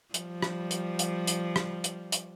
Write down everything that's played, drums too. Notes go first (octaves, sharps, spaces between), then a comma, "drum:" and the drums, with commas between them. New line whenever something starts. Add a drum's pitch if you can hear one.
F3 G3, drum: hi-hat
drum: rim click
drum: hi-hat
drum: hi-hat
drum: hi-hat
drum: rim click
drum: hi-hat
drum: hi-hat